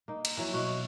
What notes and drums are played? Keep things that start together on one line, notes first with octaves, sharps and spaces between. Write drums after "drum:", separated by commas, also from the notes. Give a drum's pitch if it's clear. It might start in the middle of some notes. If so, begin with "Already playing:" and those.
A#3 D#4
drum: cymbal
E3 F#3 E4
B2 F#4